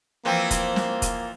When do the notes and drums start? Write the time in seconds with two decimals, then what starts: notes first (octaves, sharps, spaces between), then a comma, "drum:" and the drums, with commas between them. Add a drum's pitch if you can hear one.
0.25 E3 F3 A#3 C4
0.51 drum: kick, hi-hat
0.76 drum: snare
1.02 drum: kick, hi-hat